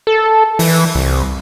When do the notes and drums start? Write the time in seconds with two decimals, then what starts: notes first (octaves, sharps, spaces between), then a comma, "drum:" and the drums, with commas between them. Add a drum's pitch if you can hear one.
0.07 A4
0.59 E3, drum: open hi-hat
0.95 C2